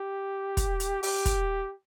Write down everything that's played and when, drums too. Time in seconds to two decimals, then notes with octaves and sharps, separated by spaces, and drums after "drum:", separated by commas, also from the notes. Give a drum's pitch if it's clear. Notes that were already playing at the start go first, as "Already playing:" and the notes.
Already playing: G4
0.57 drum: kick, hi-hat
0.80 drum: hi-hat
1.03 G4, drum: open hi-hat
1.25 drum: kick, hi-hat